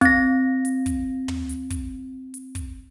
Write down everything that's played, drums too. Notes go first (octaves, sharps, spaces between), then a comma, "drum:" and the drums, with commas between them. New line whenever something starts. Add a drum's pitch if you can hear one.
C4 A#6, drum: kick, hi-hat
drum: hi-hat
drum: kick, hi-hat
drum: tom
drum: hi-hat
drum: kick, hi-hat
drum: hi-hat
drum: kick, hi-hat